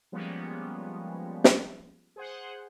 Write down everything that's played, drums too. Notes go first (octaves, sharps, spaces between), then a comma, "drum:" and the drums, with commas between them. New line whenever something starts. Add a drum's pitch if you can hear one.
F3 G3 G#3 A#3 B3 C#4
drum: snare
G#4 C5 F#5